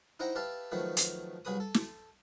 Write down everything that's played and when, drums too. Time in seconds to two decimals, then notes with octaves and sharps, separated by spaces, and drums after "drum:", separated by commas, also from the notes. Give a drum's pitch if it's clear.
0.20 D#4 E4 C5 F#5 G5 A#5
0.35 G4 B4 E5 F5 A5
0.72 D#3 F3 F#3 A3 B4
0.97 drum: hi-hat
1.45 C2 F#3 G#4 B4 B5 D#6
1.60 A4
1.74 drum: snare